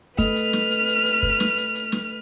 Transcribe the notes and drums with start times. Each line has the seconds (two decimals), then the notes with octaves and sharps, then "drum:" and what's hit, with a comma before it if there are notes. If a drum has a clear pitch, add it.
0.18 A3 B4 F6, drum: kick, hi-hat
0.36 drum: hi-hat
0.53 drum: snare
0.71 drum: hi-hat
0.88 drum: hi-hat
1.05 drum: hi-hat
1.23 drum: kick
1.40 drum: snare
1.57 drum: hi-hat
1.75 drum: hi-hat
1.92 drum: snare